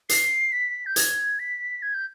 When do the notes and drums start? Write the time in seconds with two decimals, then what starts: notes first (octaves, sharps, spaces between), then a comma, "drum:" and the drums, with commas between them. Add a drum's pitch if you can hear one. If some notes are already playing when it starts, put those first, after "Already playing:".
0.09 C7, drum: hi-hat
0.52 B6
0.86 G6
0.96 G#6, drum: hi-hat
1.39 B6
1.82 G#6
1.94 G6